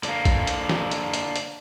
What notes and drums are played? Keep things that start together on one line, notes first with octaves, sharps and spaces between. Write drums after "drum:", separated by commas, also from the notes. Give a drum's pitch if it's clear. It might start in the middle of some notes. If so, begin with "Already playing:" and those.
D3 A#3, drum: hi-hat
drum: kick, hi-hat
drum: hi-hat
drum: snare
drum: hi-hat
drum: hi-hat
drum: hi-hat